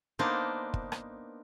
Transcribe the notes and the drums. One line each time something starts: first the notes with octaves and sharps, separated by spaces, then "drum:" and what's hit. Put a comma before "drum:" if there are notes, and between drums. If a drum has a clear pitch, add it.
A#3 B3 D4 D#4 C5
drum: kick
drum: rim click